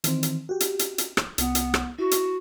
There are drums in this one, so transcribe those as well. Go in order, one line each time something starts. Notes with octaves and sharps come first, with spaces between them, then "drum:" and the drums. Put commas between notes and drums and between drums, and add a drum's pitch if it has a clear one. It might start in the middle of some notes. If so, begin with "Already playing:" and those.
D#3 E3 C4, drum: hi-hat
drum: hi-hat
F#4 G4
drum: hi-hat
drum: hi-hat
drum: hi-hat
drum: rim click
C2 B3, drum: hi-hat
drum: hi-hat
drum: rim click
E4 F#4
drum: hi-hat